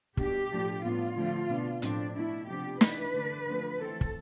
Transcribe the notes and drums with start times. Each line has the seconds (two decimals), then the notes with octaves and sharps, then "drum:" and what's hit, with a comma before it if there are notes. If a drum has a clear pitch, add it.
0.17 B2 G3 D4 G4, drum: kick
0.51 A2 F3 A3 D4
0.84 A2 G3 B3 D4 F4
1.17 D3 F3 A3 C4
1.49 B2 B3 D4
1.82 A2 F3 C4 D4, drum: hi-hat
2.15 B2 A3 D4 E4
2.47 C3 F3 B3 D4 G4
2.81 E3 B3 D4 B4, drum: snare
3.13 D3 A3 D4
3.46 D3 F3 A3 C4
3.79 E3 A3 C4 A4
4.01 drum: kick